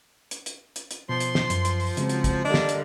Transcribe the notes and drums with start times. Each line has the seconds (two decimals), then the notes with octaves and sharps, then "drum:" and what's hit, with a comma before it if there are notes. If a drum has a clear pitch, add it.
0.31 drum: hi-hat
0.46 drum: hi-hat
0.76 drum: hi-hat
0.91 drum: hi-hat
1.09 B2 F3 C6
1.20 drum: hi-hat
1.35 drum: snare
1.50 F#2, drum: hi-hat
1.65 drum: hi-hat
1.80 drum: open hi-hat
1.97 C#3 F#3 G#3 C4, drum: hi-hat
2.09 drum: hi-hat
2.24 drum: kick, hi-hat
2.45 D3 G3 A#3 D4 D#5
2.54 drum: snare
2.69 drum: hi-hat